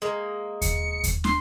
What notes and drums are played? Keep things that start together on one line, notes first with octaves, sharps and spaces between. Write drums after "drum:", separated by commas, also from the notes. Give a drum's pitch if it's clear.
G#3 A#3
C#7, drum: kick D#2, hi-hat
drum: kick D#2, hi-hat
C6, drum: snare